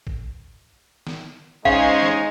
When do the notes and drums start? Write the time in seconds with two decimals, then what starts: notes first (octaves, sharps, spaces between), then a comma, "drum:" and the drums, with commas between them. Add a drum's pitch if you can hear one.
0.07 drum: kick
1.07 drum: snare
1.65 G#3 C#4 D#4 G#4 C5 F5, drum: kick
2.03 drum: snare